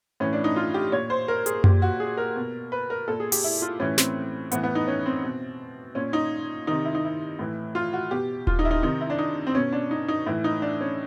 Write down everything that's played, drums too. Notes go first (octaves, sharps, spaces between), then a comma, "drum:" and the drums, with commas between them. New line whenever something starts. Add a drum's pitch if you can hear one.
A2 E3 C#4
D4
D#4
F4
G4
A#2 C#5
C5
A#4
G#4, drum: hi-hat
A#2 G4, drum: tom F#2
F#4
G#4
A#4
B2
B4
A#4
A#2 A4
G#4
G4, drum: open hi-hat
E4
F4
A2 E3 C#4
C4, drum: snare
A2 E3 B3, drum: hi-hat
B3
D#4
C#4
C4
B2
A#2 C#4
D#4
C3 D#3 D#4
E4
D#4
E4
A2 E3
F4
F#4
B2 G4
F4, drum: kick D#1
D#4
E4
D#4
C3 D#3 D#4
E4
D4
D#4
C4
B2 C#4
D4
D#4
D#4
A2 E3 E4
D#4
D4
C#4